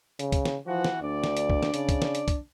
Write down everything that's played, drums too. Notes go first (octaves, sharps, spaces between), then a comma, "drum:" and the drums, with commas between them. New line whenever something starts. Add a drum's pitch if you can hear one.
C#3, drum: hi-hat
drum: kick, hi-hat
drum: snare
E3 F3 F#4
drum: snare
D2 D4 D5
drum: snare
drum: hi-hat
drum: kick
drum: snare
C#3, drum: hi-hat
drum: kick, hi-hat
drum: snare
drum: hi-hat
drum: kick, hi-hat